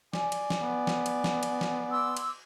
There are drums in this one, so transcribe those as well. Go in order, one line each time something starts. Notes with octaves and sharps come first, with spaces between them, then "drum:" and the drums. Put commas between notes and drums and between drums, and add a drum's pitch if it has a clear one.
D5 G#5, drum: snare
drum: cymbal
drum: snare
B3
drum: snare
drum: cymbal
drum: snare
drum: cymbal
drum: snare
C6 D6 E6
drum: cymbal